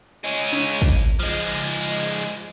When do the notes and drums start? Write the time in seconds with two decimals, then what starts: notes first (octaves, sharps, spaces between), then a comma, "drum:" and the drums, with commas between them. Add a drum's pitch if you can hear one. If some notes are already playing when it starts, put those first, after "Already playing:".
0.24 G#3 C#4
0.53 drum: snare
0.82 drum: kick
1.20 F3 G#3